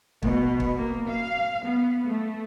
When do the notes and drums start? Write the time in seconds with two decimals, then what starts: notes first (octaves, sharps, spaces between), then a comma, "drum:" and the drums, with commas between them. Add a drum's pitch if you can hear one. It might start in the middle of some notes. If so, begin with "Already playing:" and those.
0.23 B2, drum: kick
0.60 drum: kick
0.77 A#3
1.09 F5
1.66 B3
2.06 A3